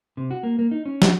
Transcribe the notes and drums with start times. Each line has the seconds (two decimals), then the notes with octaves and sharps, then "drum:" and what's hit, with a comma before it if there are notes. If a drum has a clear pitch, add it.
0.17 C3
0.31 F#4
0.43 A#3
0.59 A#3
0.71 D#4
0.85 C#4
1.02 F#4, drum: snare